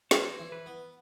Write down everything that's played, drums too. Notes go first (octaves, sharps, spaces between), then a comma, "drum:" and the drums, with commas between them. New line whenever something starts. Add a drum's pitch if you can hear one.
E3 C5, drum: snare
E3
B4
B3